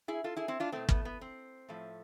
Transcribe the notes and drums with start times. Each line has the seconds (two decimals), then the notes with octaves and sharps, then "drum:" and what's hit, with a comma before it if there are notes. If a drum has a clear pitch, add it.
0.08 E4 G#4
0.24 F4 A4
0.37 E4 G#4
0.48 C4 E4
0.60 D4 F4
0.72 B2 A3 C4
0.89 B3, drum: kick
1.05 B3
1.21 C4
1.69 A2 F3 A3